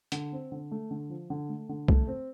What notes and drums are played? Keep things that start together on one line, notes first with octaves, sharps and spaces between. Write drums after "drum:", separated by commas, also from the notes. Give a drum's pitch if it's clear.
D3, drum: hi-hat
C4
D3
A3
D3
F3
D3
A3
D3
A3, drum: kick
C4